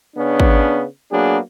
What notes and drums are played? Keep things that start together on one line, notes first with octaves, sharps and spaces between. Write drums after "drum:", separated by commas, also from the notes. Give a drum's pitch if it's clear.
C#3 B3 C#4 D4
drum: kick G#1
F#3 A#3 B3 D4 G#4